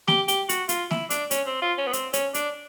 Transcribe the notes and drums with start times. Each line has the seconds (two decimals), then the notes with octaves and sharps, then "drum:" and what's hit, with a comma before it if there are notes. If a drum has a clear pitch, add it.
0.08 G4, drum: snare
0.28 G4, drum: hi-hat
0.49 F#4, drum: hi-hat
0.69 F4, drum: hi-hat
0.91 E4, drum: snare
1.10 D4, drum: hi-hat
1.31 C#4, drum: hi-hat
1.46 C4
1.62 F4
1.78 C#4
1.87 B3
1.93 C4, drum: hi-hat
2.13 C#4, drum: hi-hat
2.34 D4, drum: hi-hat